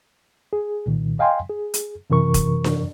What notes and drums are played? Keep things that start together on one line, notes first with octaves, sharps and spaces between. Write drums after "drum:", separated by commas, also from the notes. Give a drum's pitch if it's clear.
G#4
C2 A#2 D#3
D#5 F5 G5 G#5 C6
G#4
drum: hi-hat
F#2 C3 E3 A#4 C#6
drum: kick E1, hi-hat
drum: snare D4